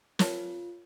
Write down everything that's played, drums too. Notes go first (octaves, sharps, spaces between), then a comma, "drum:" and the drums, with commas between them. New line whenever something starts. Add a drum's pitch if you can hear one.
F4 A#4 C#5 A5, drum: snare